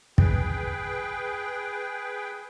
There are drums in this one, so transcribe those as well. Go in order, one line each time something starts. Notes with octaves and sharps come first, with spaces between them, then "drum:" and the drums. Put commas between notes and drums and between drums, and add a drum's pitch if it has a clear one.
G#4 B4 G5, drum: kick